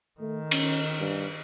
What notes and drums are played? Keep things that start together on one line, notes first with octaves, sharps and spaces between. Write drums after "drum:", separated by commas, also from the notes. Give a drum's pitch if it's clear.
D#3 A3
C#4, drum: cymbal
G2